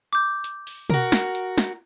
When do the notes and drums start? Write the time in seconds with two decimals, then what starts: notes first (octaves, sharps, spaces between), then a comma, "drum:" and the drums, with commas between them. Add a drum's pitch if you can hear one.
0.13 D6 G6
0.44 drum: hi-hat
0.67 drum: open hi-hat
0.90 F#4 A#4, drum: tom B2
1.12 drum: snare
1.35 drum: hi-hat
1.58 drum: snare